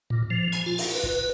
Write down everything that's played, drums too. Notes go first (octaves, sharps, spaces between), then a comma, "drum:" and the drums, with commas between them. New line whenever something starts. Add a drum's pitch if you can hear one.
A#2
F3
G#5, drum: hi-hat
F4
drum: open hi-hat
B4
drum: kick